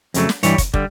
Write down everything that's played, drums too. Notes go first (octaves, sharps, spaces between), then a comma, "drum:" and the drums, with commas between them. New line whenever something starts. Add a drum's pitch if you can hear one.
F2 C#3 F#3 A3, drum: hi-hat
drum: snare
G2 E3 G3 C#5, drum: hi-hat
drum: kick, hi-hat
D3 G3, drum: kick